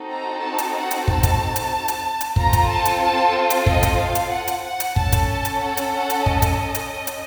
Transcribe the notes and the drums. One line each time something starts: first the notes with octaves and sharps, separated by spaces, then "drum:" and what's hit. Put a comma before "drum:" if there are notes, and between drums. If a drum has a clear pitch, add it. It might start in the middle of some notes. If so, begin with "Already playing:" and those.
Already playing: C4 D#4 F#4 A4
A#5
A5
drum: hi-hat
F#5
drum: hi-hat
A5, drum: kick
drum: kick, hi-hat
drum: hi-hat
drum: hi-hat
drum: hi-hat
C4 F4 A4 A#5, drum: kick
drum: kick, hi-hat
A5
drum: hi-hat
A5
drum: hi-hat
D#5, drum: kick
drum: kick, hi-hat
F5
drum: hi-hat
F#5
drum: hi-hat
F#5
drum: hi-hat
C#4 A4 A5, drum: kick
drum: kick, hi-hat
A5
drum: hi-hat
F#5
drum: hi-hat
F#5
drum: hi-hat
D#5, drum: kick
drum: kick, hi-hat
drum: hi-hat
drum: hi-hat